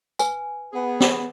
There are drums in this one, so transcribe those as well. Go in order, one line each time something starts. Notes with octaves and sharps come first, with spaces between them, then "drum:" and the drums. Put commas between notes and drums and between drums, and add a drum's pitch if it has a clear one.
B4 G#5, drum: tambourine
B3 G#4
drum: snare